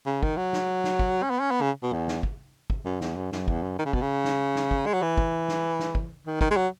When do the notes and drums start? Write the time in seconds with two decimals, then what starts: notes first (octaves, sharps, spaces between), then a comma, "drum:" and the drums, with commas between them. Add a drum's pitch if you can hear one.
0.06 C#3
0.23 D#3, drum: kick
0.37 F#3
0.53 drum: snare
0.84 drum: snare
0.99 drum: kick
1.23 C#4
1.30 B3
1.41 C#4
1.51 B3
1.61 C#3
1.83 B2
1.93 E2
2.08 drum: snare
2.23 drum: kick
2.70 drum: kick
2.85 F#2
3.01 E2, drum: snare
3.16 F#2
3.32 F#2, drum: snare
3.48 E2, drum: kick
3.63 F#2
3.79 D#3
3.86 C#3
3.93 B2, drum: kick
4.01 C#3
4.25 drum: snare
4.56 drum: snare
4.71 drum: kick
4.86 G#3
4.93 F#3
5.02 E3
5.17 drum: kick
5.48 drum: snare
5.79 drum: snare
5.95 drum: kick
6.26 D#3
6.41 D#3, drum: kick
6.51 G#3
6.56 F#3